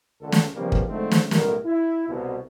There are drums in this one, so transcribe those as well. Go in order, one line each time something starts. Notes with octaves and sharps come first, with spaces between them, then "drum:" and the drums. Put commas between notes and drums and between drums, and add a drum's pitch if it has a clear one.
C#2 D3 A4
drum: snare
C#3 E3 F3 G3 A#3 B3
drum: kick
D3 F3 G#3 A3 C4 D#4
drum: snare
B1 A2 G3 E4 A#4, drum: snare
E4
C2 B2